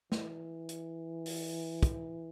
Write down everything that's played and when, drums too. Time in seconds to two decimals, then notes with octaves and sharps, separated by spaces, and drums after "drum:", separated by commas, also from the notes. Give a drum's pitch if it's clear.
0.12 E3, drum: snare
0.69 drum: hi-hat
1.26 drum: open hi-hat
1.83 drum: kick, hi-hat